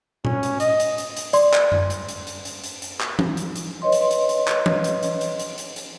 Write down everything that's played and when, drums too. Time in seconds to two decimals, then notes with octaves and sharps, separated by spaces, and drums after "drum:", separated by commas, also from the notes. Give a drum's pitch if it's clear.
0.25 C#4, drum: tom A#2
0.43 drum: hi-hat
0.60 D#5, drum: hi-hat
0.80 drum: hi-hat
0.98 drum: hi-hat
1.17 drum: hi-hat
1.33 D5 C6, drum: hi-hat
1.53 drum: clap
1.72 drum: tom F#2
1.90 drum: hi-hat
2.08 drum: hi-hat
2.27 drum: hi-hat
2.45 drum: hi-hat
2.64 drum: hi-hat
2.82 drum: hi-hat
3.00 drum: clap
3.19 drum: tom E3
3.37 drum: hi-hat
3.56 drum: hi-hat
3.82 B4 C#5 D#5 C6
3.92 drum: hi-hat
4.11 drum: hi-hat
4.29 drum: hi-hat
4.47 drum: clap
4.66 drum: tom E3
4.84 drum: hi-hat
5.03 drum: hi-hat
5.21 drum: hi-hat
5.39 drum: hi-hat
5.58 drum: hi-hat
5.76 drum: hi-hat